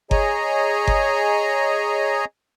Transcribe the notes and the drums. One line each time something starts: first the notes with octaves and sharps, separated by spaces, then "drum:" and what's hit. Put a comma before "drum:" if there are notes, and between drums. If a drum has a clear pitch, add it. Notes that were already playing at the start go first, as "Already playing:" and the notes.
G#4 C#5 D#5 G#5 A#5, drum: kick G1
drum: kick G1